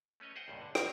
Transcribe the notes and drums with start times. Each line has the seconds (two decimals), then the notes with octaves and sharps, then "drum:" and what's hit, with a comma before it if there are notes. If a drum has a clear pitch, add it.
0.20 A3 C#4 B4 C#5 D#5
0.35 G#4 C5 D#5 E5 F#5 G5
0.48 C#2 G2 A#2
0.62 D3
0.75 G3, drum: rim click